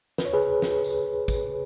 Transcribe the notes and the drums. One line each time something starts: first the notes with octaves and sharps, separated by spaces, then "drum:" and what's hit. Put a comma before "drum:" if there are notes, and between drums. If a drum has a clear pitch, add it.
B4, drum: snare
C#5
G#4 B4
drum: snare
drum: tambourine
drum: kick, tambourine